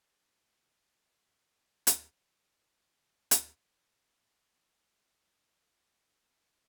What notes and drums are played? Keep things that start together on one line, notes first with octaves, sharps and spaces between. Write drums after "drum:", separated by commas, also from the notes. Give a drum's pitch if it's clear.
F5
F2 C#3
D#3 E3 A#3 A#5
F#4 C#5 F5
C3 B3 E6 F6
D3 G#4 F5 F#5
drum: hi-hat
A4 E5
drum: hi-hat
C5
F#2
G#2 D3
A#4 C#5 D#5
F#4 G#4 F5
G#5